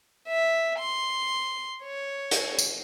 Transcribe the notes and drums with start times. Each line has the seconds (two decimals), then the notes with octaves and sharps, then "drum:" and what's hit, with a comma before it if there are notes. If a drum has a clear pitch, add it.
0.28 E5
0.79 C6
1.83 C#5
2.31 drum: hi-hat
2.59 drum: tambourine